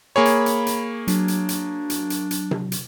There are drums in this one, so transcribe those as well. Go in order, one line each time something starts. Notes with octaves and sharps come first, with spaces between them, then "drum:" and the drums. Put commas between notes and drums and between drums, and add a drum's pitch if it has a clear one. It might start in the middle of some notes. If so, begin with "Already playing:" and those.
A#3 G#4 C#5 B5
drum: hi-hat
drum: hi-hat
drum: hi-hat
F#3 D4, drum: hi-hat
drum: hi-hat
drum: hi-hat
drum: hi-hat
drum: hi-hat
drum: hi-hat
drum: tom C3
drum: hi-hat